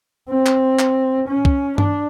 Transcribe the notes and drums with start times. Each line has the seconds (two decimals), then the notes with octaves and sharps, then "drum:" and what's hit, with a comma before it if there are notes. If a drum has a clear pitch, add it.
0.30 C4
0.46 drum: clap
0.79 drum: clap
1.28 C#4
1.45 drum: kick
1.78 D4, drum: tom G2